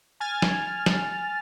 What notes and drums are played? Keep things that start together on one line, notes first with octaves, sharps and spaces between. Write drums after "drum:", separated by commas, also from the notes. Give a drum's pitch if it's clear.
G#5 F6 A6
drum: snare
drum: snare